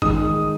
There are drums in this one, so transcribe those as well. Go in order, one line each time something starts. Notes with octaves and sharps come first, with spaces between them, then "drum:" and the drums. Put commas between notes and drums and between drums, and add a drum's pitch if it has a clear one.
D#3 G#3 D#4 D#6, drum: kick